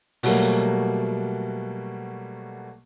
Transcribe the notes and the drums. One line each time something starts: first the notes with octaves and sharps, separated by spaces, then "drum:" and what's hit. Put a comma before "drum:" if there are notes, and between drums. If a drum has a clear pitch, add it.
B2 F#3 G3 A3 A#3, drum: open hi-hat